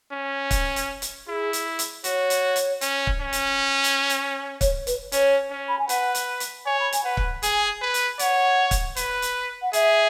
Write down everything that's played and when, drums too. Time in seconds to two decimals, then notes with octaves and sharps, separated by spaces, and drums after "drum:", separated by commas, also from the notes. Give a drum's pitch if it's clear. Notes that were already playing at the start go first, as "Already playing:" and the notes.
0.12 C#4
0.51 drum: kick, hi-hat
0.76 drum: hi-hat
1.02 drum: hi-hat
1.27 E4 G#4
1.53 drum: hi-hat
1.79 drum: hi-hat
2.04 F#4 C#5, drum: hi-hat
2.30 drum: hi-hat
2.56 drum: hi-hat
2.81 C#4, drum: hi-hat
3.07 drum: kick
3.20 C#4
3.33 drum: hi-hat
3.84 drum: hi-hat
4.09 drum: hi-hat
4.61 C#5, drum: kick, hi-hat
4.87 B4, drum: hi-hat
5.12 C#4 C#5, drum: hi-hat
5.51 C#4
5.69 B5
5.79 G#5
5.89 B4 F#5, drum: hi-hat
6.15 drum: hi-hat
6.40 drum: hi-hat
6.65 C#5 G#5
6.80 B5
6.92 G#5, drum: hi-hat
7.04 B4 F#5
7.17 drum: kick
7.43 G#4 G#5, drum: hi-hat
7.82 B4
7.94 drum: hi-hat
8.19 C#5 F#5, drum: hi-hat
8.71 drum: kick, hi-hat
8.96 B4, drum: hi-hat
9.22 drum: hi-hat
9.62 F#5
9.73 G#4 E5, drum: hi-hat